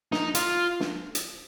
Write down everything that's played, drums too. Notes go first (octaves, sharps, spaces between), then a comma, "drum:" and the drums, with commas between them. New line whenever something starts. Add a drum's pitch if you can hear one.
D#4, drum: snare
F4, drum: hi-hat
drum: snare
drum: hi-hat